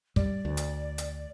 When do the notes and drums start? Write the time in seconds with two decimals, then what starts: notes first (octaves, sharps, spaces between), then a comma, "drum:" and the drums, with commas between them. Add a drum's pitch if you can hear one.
0.16 G3 D5, drum: kick
0.45 D2
0.57 drum: hi-hat
0.98 drum: hi-hat